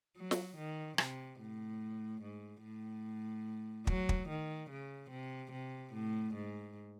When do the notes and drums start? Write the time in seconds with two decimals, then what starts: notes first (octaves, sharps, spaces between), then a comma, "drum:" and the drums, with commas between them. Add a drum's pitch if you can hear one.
0.17 F#3
0.31 drum: snare
0.57 D#3
0.98 C3, drum: rim click
1.41 A2
2.22 G#2
2.64 A2
3.87 F#3, drum: kick
4.09 drum: kick
4.29 D#3
4.70 C#3
5.11 C3
5.52 C3
5.94 A2
6.35 G#2